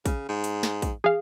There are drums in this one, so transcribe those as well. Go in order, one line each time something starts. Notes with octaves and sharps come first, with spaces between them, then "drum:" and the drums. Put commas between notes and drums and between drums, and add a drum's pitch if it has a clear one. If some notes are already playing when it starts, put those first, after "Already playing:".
C#3, drum: kick, hi-hat
G#2
drum: hi-hat
drum: snare
drum: kick, hi-hat
G#4 F5, drum: tom